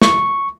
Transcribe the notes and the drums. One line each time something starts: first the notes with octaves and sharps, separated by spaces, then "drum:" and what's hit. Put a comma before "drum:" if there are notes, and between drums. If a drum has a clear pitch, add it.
C#6, drum: snare